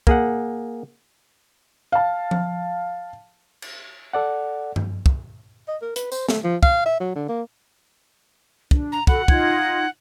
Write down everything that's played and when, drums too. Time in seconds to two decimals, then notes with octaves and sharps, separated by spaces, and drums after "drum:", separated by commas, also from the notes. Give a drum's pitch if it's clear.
0.07 A#3 G#4 F#5, drum: kick
1.92 F5 A5
2.31 drum: tom F3
3.62 drum: cymbal
4.13 A4 D5 F#5
4.76 drum: tom G2
5.06 drum: kick
5.68 D#5
5.82 A#4
5.96 B4, drum: hi-hat
6.12 C5, drum: tambourine
6.29 A3, drum: snare
6.44 F3
6.63 F5, drum: kick
6.86 E5
7.00 F#3
7.16 D3
7.29 A#3
8.71 D4, drum: kick
8.92 A#5
9.07 F#4 A4 F#5 B5, drum: kick
9.28 D#4 F4 G#6, drum: kick